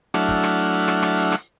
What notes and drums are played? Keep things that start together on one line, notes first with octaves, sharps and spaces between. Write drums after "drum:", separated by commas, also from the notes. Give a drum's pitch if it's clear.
F#3 A3 D4 E4 F#5 F6, drum: rim click
drum: kick, hi-hat
drum: rim click
drum: hi-hat
drum: hi-hat
drum: rim click
drum: rim click
drum: open hi-hat
drum: rim click